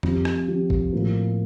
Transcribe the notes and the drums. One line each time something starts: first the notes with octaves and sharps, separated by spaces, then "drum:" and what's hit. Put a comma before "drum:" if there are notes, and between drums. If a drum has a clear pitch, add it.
F3 C4 G4, drum: tom F2
drum: rim click
F3 C4 G4
drum: kick
A2 F3 A#3 F4 A#4